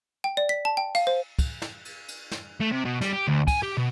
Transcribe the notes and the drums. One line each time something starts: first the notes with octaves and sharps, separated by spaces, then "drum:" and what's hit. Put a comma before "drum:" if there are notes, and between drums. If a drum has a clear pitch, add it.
G5
D5
B6
A5
G5
F5, drum: cymbal
C5
drum: kick, cymbal
drum: snare
drum: cymbal
drum: cymbal
drum: snare
A3
C3
B2
G3, drum: snare
G4
D2
G#5, drum: kick, cymbal
G4
B2